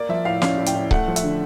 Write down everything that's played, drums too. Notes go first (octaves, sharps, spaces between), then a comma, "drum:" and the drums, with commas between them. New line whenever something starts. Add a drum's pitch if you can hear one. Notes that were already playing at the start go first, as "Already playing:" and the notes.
Already playing: A#3 D5
F3 E5
A2 F5
C#4 F5, drum: snare
A2
G5, drum: hi-hat
A2
A3 F#5, drum: kick C#1
F3
E5, drum: hi-hat
D3